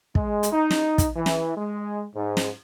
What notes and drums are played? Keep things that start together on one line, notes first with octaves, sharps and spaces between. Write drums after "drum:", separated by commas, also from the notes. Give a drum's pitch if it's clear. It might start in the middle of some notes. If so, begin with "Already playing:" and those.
G#3, drum: kick
drum: hi-hat
D#4
drum: snare
drum: kick, hi-hat
E3
drum: snare
G#3
G#2
drum: snare